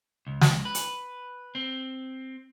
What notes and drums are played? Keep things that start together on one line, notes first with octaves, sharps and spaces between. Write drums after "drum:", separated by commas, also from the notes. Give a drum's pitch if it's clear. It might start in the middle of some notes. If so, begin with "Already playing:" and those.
C#2
drum: snare
B4
drum: hi-hat
C4